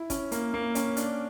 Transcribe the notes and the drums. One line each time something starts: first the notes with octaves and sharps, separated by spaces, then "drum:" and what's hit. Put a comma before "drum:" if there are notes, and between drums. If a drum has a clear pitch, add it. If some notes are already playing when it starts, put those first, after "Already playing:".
Already playing: E4
C#4, drum: kick, hi-hat
A#3, drum: hi-hat
A#3
C#4, drum: hi-hat
D4, drum: hi-hat